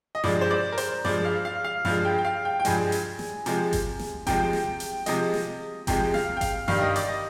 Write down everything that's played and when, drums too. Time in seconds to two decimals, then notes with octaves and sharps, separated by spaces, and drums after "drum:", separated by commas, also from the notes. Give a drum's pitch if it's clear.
0.15 D#5
0.24 G2 F3 G#3 D5, drum: snare
0.41 C5
0.51 D5
0.72 A#4
0.78 C5, drum: hi-hat
1.05 G2 F3 G#3 D5, drum: snare
1.25 F5
1.45 F5
1.64 F5
1.85 G2 F3 G#3 F5, drum: snare
2.05 G5
2.18 G5
2.25 F5
2.45 G5
2.60 G5
2.65 G2 F3 G#3 G#5, drum: hi-hat
2.92 drum: hi-hat
3.19 drum: snare
3.46 C3 F3 G#3, drum: hi-hat
3.73 drum: kick G1, hi-hat
3.99 drum: snare
4.27 C3 F3 G#3 G5, drum: kick G1, hi-hat
4.53 drum: snare
4.80 drum: hi-hat
5.06 C3 F3 G#3 D#5, drum: hi-hat
5.34 drum: snare
5.87 C3 F3 G#3 G5, drum: kick G1, hi-hat
6.14 F5, drum: snare
6.37 G5
6.41 F5, drum: kick G1, hi-hat
6.68 G2 D#3 G3 F5, drum: snare
6.82 D#5
6.96 D5, drum: hi-hat
7.09 D#5